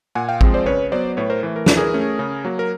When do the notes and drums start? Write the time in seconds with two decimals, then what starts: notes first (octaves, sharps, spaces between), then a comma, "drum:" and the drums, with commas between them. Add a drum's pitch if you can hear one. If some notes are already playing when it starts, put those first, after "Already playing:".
0.15 A#2 F#5 G#5
0.29 F5 G5
0.41 F3 G#3 C4, drum: kick A1
0.54 C5 D5
0.66 C#3 B4 C#5
0.92 F#3 B3 C5 D5
1.17 A2 B4 C#5
1.30 A#4 C5
1.43 E3 A3
1.56 A#4
1.66 E3 A4, drum: snare
1.77 G#4 A#4
1.94 A3 C#4
2.19 C#3
2.45 F#3 A#3
2.59 A#4